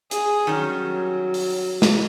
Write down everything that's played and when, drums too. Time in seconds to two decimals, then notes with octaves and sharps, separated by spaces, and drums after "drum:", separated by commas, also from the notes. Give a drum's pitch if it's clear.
0.11 G#4, drum: hi-hat
0.47 D#3 F#3 G3 C#4
1.34 drum: open hi-hat
1.82 drum: snare